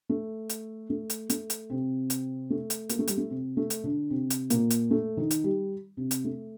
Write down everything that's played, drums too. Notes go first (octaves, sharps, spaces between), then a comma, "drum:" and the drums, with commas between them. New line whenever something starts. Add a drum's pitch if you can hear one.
A3
drum: hi-hat
A3
drum: hi-hat
A3, drum: hi-hat
drum: hi-hat
C3 C4
drum: hi-hat
A3
drum: hi-hat
A#3, drum: hi-hat
A3
G3, drum: hi-hat
A3
C3 C4
A3
drum: hi-hat
D3 D4
C3 C4
drum: hi-hat
A#2 A#3, drum: hi-hat
drum: hi-hat
A3
D#3 D#4
drum: hi-hat
G3 G4
C3 C4
drum: hi-hat
A3